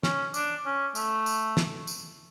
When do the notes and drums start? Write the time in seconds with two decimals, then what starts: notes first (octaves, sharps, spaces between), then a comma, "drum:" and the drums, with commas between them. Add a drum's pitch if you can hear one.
0.03 C#4, drum: snare
0.34 D4, drum: tambourine
0.65 C#4
0.95 A3, drum: tambourine
1.26 drum: tambourine
1.57 drum: snare
1.87 drum: tambourine